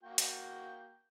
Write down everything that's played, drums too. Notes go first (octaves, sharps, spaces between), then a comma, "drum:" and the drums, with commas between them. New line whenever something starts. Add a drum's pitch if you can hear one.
A#3 F#4 G5
drum: hi-hat